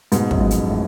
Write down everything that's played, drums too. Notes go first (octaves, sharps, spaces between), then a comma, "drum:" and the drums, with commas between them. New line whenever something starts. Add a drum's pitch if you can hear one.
G#2 B2, drum: hi-hat
F#2, drum: kick
F2 G#2
drum: hi-hat
A2